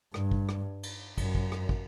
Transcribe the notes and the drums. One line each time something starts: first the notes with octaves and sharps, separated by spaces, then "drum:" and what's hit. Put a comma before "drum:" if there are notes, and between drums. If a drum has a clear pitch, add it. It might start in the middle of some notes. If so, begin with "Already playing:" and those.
G2, drum: rim click
drum: kick
drum: rim click
drum: cymbal
F#2, drum: kick, cymbal
drum: kick
drum: rim click
drum: kick